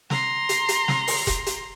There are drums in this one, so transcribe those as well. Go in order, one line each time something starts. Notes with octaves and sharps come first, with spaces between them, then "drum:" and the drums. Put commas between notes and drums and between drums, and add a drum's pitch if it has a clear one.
A#5 C6, drum: snare
drum: hi-hat
drum: hi-hat
drum: snare
drum: open hi-hat
drum: kick F1, hi-hat
drum: hi-hat